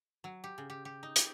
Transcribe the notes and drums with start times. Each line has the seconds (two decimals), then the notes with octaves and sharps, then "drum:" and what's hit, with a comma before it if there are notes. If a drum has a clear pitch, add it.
0.24 F#3
0.44 G4
0.58 C#3
0.70 G4
0.85 G4
1.03 D#4
1.16 G4, drum: hi-hat